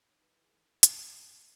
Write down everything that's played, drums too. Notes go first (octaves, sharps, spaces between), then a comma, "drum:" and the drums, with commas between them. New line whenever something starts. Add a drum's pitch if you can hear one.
G#2 C#5
E3 B4
E3 B4
G#4
G#2 A#4
drum: hi-hat